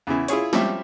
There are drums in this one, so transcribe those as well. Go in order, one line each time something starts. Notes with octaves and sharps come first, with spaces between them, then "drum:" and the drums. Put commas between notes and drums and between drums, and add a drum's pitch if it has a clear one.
E2 C#3 E4
E4 F4 G#4 C#5, drum: hi-hat
F3 G3 C4 C#4 G4 E5, drum: snare